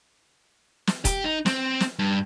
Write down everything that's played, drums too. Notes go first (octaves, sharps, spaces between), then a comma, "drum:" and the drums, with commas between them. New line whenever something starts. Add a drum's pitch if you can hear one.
drum: snare
G4, drum: kick, hi-hat
D#4
C4, drum: snare
drum: snare
G2